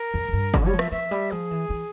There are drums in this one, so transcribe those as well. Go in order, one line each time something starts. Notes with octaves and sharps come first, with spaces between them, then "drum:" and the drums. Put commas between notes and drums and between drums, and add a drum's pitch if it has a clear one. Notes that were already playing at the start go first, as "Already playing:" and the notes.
Already playing: A#4
F2
F2
G2
C#3, drum: kick
G3 C#5
F3
E5, drum: rim click
F3 E5
G3
F3 G#4
E3
E3